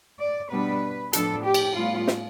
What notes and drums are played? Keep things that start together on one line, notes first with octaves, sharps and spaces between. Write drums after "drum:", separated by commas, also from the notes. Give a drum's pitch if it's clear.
D5
B2 G3 B3 D4 B4
A2 F3 B3 D4 A4, drum: hi-hat
G4
drum: cymbal
A2 G3 B3 F4
drum: snare